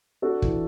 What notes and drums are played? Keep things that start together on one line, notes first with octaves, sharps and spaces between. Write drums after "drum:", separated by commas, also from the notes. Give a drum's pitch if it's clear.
D4 F#4 A4
E3, drum: kick